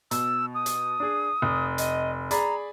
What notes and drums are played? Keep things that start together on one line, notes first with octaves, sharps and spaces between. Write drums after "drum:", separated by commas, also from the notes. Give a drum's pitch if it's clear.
B2 E6, drum: hi-hat
D#6
drum: hi-hat
D4 G#4
F1
D#5, drum: hi-hat
G#4 D5 A#5 B5, drum: hi-hat